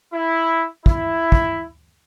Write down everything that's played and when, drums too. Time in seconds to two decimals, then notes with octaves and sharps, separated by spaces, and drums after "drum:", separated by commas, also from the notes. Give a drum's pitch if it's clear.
0.14 E4
0.86 E4, drum: kick
1.32 drum: kick